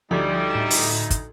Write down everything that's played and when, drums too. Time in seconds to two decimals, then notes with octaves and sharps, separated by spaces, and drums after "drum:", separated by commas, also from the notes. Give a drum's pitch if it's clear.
0.11 D2 F3 G3 D#4
0.50 A2 E7
0.70 drum: open hi-hat
1.10 drum: kick, hi-hat